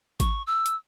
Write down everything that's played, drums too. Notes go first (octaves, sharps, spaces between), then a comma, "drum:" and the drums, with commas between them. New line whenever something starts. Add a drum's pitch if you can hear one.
C#6, drum: kick G#1, hi-hat
E6
drum: hi-hat